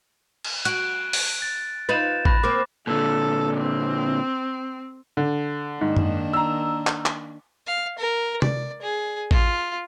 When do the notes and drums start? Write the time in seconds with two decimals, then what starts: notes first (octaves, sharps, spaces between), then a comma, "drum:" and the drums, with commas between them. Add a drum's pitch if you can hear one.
0.44 drum: cymbal
0.65 F#4 F#6 D7, drum: hi-hat
1.13 drum: open hi-hat
1.42 A6
1.89 D#4 F4 B4 A6 E7
2.25 B5 F#6 A#6, drum: kick A1
2.43 A#3 C4 D6
2.87 A#2 D3 A4
3.57 C4
5.17 D3
5.81 G#2 D#3 A#3 D4
5.97 drum: tom F#2
6.33 A#5 E6
6.87 drum: clap
7.06 drum: clap
7.67 F5
7.98 A#4
8.42 D5, drum: tom C3
8.82 G#4
9.31 F4, drum: kick A1